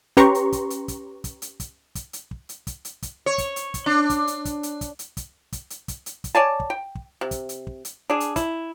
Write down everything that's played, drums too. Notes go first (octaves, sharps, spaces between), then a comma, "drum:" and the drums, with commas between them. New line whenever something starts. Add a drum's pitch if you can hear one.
C#4 G4 B4 A#5 C6 C#6, drum: kick, hi-hat
drum: hi-hat
drum: kick, hi-hat
drum: hi-hat
drum: kick, hi-hat
drum: kick, hi-hat
drum: hi-hat
drum: kick, hi-hat
drum: kick, hi-hat
drum: hi-hat
drum: kick
drum: hi-hat
drum: kick, hi-hat
drum: hi-hat
drum: kick, hi-hat
C#5
drum: kick, hi-hat
drum: hi-hat
drum: kick, hi-hat
D4
drum: kick, hi-hat
drum: hi-hat
drum: kick, hi-hat
drum: hi-hat
drum: kick, hi-hat
drum: hi-hat
drum: kick, hi-hat
drum: kick, hi-hat
drum: hi-hat
drum: kick, hi-hat
drum: hi-hat
drum: kick, hi-hat
C#5 D5 G#5 A5
drum: kick
G5
drum: kick
C3
drum: kick, hi-hat
drum: hi-hat
drum: kick
drum: hi-hat
D4 G#4
drum: hi-hat
E4, drum: kick, hi-hat